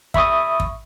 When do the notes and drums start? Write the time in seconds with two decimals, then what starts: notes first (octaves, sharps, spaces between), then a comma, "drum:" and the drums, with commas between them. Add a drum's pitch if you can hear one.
0.14 E5 B5 C#6 D#6, drum: kick
0.60 drum: kick